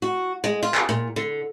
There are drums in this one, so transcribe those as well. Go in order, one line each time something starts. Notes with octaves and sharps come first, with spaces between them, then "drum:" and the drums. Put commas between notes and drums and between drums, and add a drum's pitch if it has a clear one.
F#4
G#3
F4
drum: clap
A#2
D3